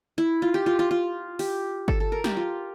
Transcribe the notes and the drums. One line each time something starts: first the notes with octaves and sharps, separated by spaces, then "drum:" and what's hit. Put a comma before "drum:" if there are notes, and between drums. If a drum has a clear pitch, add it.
E4
F4
G4
F4
F4
F4
G4, drum: open hi-hat
A4, drum: kick G1
A4
A#4
G4, drum: snare
F4